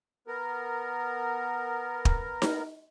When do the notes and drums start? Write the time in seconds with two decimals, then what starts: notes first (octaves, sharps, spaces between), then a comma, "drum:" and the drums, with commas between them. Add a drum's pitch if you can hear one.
0.27 B3 A#4
2.05 drum: kick
2.42 drum: snare D#4